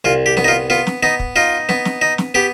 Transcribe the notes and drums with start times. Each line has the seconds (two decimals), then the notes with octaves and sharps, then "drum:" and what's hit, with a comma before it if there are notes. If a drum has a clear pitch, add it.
0.05 C2 F4
0.26 G4
0.37 B3, drum: snare
0.44 D#4
0.48 F4
0.70 B3 F4
0.87 drum: snare
1.03 B3 D#4
1.20 drum: kick
1.36 D#4 F4
1.69 B3, drum: snare
1.85 drum: snare
2.02 D#4
2.18 drum: snare
2.34 B3 G4